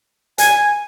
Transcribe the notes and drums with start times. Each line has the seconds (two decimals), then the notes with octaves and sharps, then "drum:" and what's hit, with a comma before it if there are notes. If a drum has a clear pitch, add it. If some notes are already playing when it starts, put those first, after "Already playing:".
0.38 G#5, drum: hi-hat